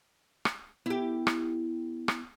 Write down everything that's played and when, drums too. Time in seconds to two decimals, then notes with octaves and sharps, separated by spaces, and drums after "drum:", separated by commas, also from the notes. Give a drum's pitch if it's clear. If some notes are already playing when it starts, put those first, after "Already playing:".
0.45 drum: rim click
0.86 B3 E4 G4
1.27 drum: rim click
2.08 drum: rim click